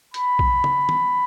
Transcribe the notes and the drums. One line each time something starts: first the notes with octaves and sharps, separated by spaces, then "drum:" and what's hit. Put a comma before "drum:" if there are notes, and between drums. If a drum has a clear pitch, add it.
B5, drum: hi-hat
drum: kick
drum: tom C#3
drum: tom